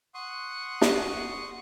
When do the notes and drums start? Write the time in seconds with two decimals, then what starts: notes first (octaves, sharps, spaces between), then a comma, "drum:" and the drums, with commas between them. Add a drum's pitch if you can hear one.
0.14 F#5 C6 C#6 D#6 F#6
0.81 drum: snare